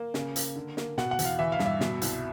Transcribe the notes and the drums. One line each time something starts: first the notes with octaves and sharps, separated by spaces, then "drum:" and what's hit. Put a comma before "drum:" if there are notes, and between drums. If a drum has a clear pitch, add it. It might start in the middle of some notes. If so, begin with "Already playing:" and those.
Already playing: A#3
C#3, drum: snare
A#3, drum: hi-hat
D3
A#3, drum: snare
B2 F#5, drum: snare
F#5
E2, drum: hi-hat
F5
E3 E5
F5
G2, drum: snare
E5
B2, drum: snare
C2, drum: hi-hat